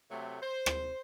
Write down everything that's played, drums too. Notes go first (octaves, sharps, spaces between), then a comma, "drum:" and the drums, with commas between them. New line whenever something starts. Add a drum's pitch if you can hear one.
C3 F#3 A3
C5
drum: rim click